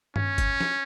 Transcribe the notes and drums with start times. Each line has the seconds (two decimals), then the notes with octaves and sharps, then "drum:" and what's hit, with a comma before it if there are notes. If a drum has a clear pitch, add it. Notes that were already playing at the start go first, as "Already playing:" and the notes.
0.16 C#4, drum: tom G2
0.38 drum: kick G1, hi-hat
0.60 drum: snare